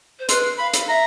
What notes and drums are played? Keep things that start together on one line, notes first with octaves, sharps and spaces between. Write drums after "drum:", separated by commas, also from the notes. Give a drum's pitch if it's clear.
C5
B4 C6, drum: hi-hat
F5 B5
drum: hi-hat
E5 A#5